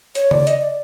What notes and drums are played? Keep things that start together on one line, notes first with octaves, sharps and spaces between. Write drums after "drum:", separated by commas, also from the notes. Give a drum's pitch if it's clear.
C#5, drum: hi-hat
D5, drum: tom C#3
D#5, drum: hi-hat
D5